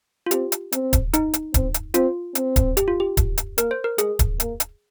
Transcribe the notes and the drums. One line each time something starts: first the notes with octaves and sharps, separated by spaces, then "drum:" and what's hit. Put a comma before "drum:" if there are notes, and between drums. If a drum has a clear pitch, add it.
F4
C4 G4, drum: hi-hat
drum: hi-hat
C4, drum: hi-hat
drum: kick D1, hi-hat
D#4, drum: hi-hat
drum: hi-hat
C4, drum: kick D1, hi-hat
drum: hi-hat
C4 F4, drum: hi-hat
C4, drum: hi-hat
drum: kick D1, hi-hat
G4, drum: hi-hat
F4
G4
drum: kick D1, hi-hat
drum: hi-hat
A#3 A#4, drum: hi-hat
C5
A#4
G#3 G#4, drum: hi-hat
drum: kick D1, hi-hat
A#3, drum: hi-hat
drum: hi-hat